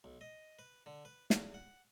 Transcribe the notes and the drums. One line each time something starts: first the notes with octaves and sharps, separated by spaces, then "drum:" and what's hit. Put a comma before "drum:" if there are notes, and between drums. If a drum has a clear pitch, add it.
B1
D#5
B4
D3
B4
E2, drum: snare
F#5